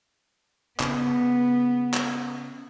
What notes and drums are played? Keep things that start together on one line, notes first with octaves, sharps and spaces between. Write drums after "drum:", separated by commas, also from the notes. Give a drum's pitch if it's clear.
C#3 B3, drum: clap
drum: clap